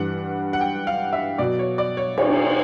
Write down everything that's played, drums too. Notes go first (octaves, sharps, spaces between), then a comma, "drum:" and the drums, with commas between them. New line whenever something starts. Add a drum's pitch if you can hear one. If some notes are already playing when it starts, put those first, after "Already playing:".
Already playing: G2 E3 G3 F#5
F#5
G5
F5
E5
B2 F#3 D5
C#5
D5
C#5
C#5, drum: cymbal